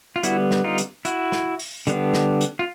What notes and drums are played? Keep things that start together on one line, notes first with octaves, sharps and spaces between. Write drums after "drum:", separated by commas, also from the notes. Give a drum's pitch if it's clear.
F4
D3 G3 B3 E4 F#4, drum: hi-hat
drum: snare
D#4 F4
drum: hi-hat
E4 F#4, drum: hi-hat
drum: snare
drum: open hi-hat
D3 G3 B3 D4, drum: hi-hat
drum: snare
drum: hi-hat
F4